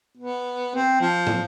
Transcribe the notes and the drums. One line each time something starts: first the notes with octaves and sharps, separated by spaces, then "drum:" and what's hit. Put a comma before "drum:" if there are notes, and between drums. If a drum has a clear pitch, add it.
B3
C4
F3
drum: tom